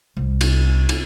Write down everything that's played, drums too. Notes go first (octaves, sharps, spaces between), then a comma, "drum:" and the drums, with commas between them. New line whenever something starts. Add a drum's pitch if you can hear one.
C2
drum: cymbal
drum: cymbal